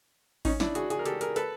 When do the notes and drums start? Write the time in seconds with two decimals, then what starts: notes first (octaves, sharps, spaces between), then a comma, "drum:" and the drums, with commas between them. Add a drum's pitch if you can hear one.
0.45 C#4 D#4, drum: kick A1, open hi-hat
0.60 D4 E4, drum: snare
0.75 F#4 G#4, drum: hi-hat
0.90 F#4 G#4, drum: hi-hat
0.99 A#4
1.06 G4 A4, drum: hi-hat
1.21 G#4 A#4, drum: hi-hat
1.36 A4 B4, drum: hi-hat